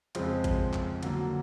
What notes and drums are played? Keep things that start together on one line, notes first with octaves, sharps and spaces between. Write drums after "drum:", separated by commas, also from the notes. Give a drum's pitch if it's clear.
F2 C#3 F3 G#3 C4, drum: cymbal
drum: kick A1, cymbal
drum: clap
D3 F#3 A#3, drum: cymbal